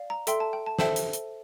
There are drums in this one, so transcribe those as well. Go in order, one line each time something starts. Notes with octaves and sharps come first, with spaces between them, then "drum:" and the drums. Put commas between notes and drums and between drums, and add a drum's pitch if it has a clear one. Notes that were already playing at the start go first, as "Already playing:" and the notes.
Already playing: D5 F5
A#5
A4 E5 G5 C6, drum: hi-hat
A5
G5
A5
A4 C5 E5 G5 A5, drum: snare
drum: hi-hat
drum: hi-hat